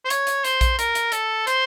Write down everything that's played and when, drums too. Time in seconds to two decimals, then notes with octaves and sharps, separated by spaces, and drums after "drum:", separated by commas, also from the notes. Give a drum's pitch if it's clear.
0.05 C5
0.10 C#5, drum: hi-hat
0.27 drum: hi-hat
0.45 C5, drum: hi-hat
0.61 drum: kick A#1, hi-hat
0.79 A#4, drum: hi-hat
0.95 drum: hi-hat
1.12 A4, drum: hi-hat
1.47 C5, drum: hi-hat